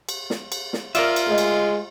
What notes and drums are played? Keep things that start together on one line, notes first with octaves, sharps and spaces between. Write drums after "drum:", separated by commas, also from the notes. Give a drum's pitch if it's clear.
drum: cymbal
drum: snare
drum: cymbal
drum: snare
F4 A#4 D5 E5, drum: cymbal
drum: cymbal
G#3 A3 D#5
drum: cymbal